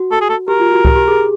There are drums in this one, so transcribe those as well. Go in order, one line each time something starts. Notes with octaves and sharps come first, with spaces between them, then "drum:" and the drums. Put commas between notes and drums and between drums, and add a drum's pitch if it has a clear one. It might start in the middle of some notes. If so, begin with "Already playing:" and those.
Already playing: F#4
A4
G#4
A4
G4 A#4
F4
F#4
G4, drum: kick C#2
G4
G#4